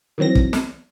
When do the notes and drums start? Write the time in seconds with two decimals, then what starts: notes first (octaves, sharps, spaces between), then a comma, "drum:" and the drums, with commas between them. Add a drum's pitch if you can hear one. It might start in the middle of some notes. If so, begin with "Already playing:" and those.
0.18 D#3 E3 F#3 C4 A#6
0.35 drum: kick
0.53 drum: snare